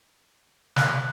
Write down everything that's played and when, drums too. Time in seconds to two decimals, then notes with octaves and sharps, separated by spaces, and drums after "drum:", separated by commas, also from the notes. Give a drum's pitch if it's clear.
0.76 F#6, drum: snare